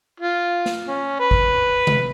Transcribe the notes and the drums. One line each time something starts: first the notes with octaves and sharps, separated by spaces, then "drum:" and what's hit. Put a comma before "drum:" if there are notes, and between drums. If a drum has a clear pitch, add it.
F4
drum: snare
C#4
B4
drum: kick G#1
drum: tom C3